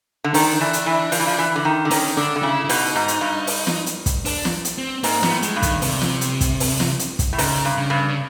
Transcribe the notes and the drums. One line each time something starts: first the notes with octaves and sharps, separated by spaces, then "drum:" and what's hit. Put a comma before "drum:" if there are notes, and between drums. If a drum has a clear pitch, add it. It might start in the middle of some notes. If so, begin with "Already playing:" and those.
D3
D#3 D4, drum: open hi-hat
E3
drum: hi-hat
E3
F3, drum: open hi-hat
E3
F3
E3
D3
D#3
D3
D#3 C#4, drum: open hi-hat
D3 D4
D3
C#3 E4
E4
B2 D#4, drum: open hi-hat
G#2
drum: hi-hat
G2
drum: open hi-hat
drum: snare
drum: hi-hat
drum: kick, hi-hat
D4, drum: open hi-hat
drum: snare
drum: hi-hat
C4
G#2 A#3, drum: open hi-hat
B3, drum: snare
A2
G#3, drum: hi-hat
G2
D#3, drum: kick, hi-hat
C3, drum: open hi-hat
drum: snare
drum: hi-hat
drum: kick, hi-hat
drum: open hi-hat
drum: snare
drum: hi-hat
drum: kick, hi-hat
A2
G#2 C#3, drum: open hi-hat
G2
C#3
G2
C#3